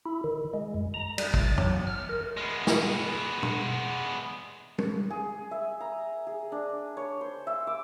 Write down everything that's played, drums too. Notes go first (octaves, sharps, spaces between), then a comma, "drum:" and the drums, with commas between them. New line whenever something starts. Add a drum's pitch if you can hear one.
E4
D#3
G#3
F#2
A#5
G3, drum: cymbal
A6, drum: kick
F#3, drum: tom
F6
A#4
G#3 B3
drum: snare
drum: tom
drum: tom
G#4
E5
A#5
G#4
D4
C#5
C5
E5
D6